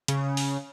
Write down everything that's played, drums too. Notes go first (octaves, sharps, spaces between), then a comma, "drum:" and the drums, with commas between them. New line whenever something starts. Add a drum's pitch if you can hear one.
C#3, drum: hi-hat
drum: open hi-hat